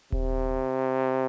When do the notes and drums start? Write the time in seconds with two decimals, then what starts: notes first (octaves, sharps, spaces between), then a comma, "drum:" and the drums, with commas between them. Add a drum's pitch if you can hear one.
0.12 C3, drum: kick D#1